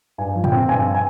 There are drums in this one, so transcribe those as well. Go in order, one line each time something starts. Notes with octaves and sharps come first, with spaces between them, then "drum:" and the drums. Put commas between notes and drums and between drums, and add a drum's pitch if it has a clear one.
G2 G#5
F3
G5, drum: tom A2
C4
G2 G#5
G#5